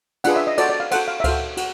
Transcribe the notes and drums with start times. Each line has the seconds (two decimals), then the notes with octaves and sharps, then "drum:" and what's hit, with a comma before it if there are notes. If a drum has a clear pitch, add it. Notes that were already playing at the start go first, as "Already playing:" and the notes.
0.24 D4 F4 G#4 B4 F#5, drum: cymbal
0.36 E5
0.47 D#5
0.58 F#4 A4 C5 D5, drum: cymbal
0.69 D5
0.80 F5
0.91 F#4 A4 C5 F#5, drum: cymbal
1.08 F5
1.20 E5
1.24 F#4 A4 C5 F5, drum: kick C#2, cymbal
1.57 F#4, drum: cymbal